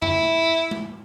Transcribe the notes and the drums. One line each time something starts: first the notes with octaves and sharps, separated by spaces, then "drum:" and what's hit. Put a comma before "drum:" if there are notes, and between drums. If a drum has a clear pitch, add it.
E4, drum: tom F2
drum: tom G#3